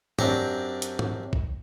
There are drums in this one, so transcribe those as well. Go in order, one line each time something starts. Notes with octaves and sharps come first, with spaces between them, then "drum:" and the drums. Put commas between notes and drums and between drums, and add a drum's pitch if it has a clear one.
F#2 C4 D4 G4 A#5, drum: tom G#2
drum: hi-hat
drum: tom G#2
drum: kick